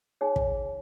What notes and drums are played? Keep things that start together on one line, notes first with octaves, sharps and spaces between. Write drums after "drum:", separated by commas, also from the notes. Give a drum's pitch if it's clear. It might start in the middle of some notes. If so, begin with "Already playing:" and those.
D#4 G#4 C#5 G#5
drum: kick